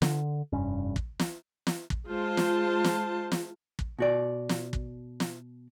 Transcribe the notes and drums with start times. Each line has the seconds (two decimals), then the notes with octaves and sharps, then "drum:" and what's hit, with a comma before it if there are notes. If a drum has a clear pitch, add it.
0.02 D3, drum: snare
0.52 F1 G2 C#4
0.96 drum: kick
1.19 drum: snare
1.67 drum: snare
1.90 drum: kick
2.07 G#3 F4 C5 A5
2.37 drum: snare
2.84 drum: snare
3.32 drum: snare
3.79 drum: kick
3.99 B2 F#4 D5
4.49 drum: snare
4.73 drum: kick
5.20 drum: snare